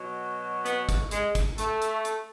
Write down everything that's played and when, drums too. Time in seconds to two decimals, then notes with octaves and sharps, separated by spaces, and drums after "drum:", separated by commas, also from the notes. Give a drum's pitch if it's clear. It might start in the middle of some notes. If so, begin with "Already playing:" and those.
Already playing: B2 F#3
0.66 B3, drum: hi-hat
0.89 drum: kick, hi-hat
1.11 G#3, drum: hi-hat
1.35 drum: kick, hi-hat
1.58 A3, drum: hi-hat
1.82 drum: hi-hat
2.05 drum: hi-hat